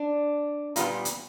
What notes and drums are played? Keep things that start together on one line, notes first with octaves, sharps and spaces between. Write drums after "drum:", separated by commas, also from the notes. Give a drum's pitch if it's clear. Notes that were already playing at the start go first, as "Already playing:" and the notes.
Already playing: D4
A#2 G3 B3 F4, drum: hi-hat
drum: hi-hat